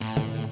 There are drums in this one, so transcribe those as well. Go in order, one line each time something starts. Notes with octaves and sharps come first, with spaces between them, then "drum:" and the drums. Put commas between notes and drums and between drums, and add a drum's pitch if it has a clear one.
A2
drum: tom